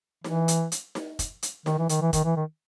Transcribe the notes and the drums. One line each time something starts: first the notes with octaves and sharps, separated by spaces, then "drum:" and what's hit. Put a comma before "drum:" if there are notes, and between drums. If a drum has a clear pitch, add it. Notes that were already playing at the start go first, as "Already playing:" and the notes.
E3, drum: snare D#4
drum: hi-hat
drum: hi-hat
drum: snare D#4
drum: kick, hi-hat
drum: hi-hat
D#3, drum: snare D#4
E3
D#3, drum: hi-hat
E3
D#3, drum: kick, hi-hat
E3
D#3